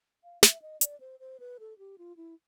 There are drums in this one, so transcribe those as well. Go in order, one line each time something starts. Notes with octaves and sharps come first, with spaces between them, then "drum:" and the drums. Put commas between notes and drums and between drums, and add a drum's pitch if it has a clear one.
F5
E5, drum: snare
D#5
D5, drum: hi-hat
C5
C5
B4
A4
G4
F4
E4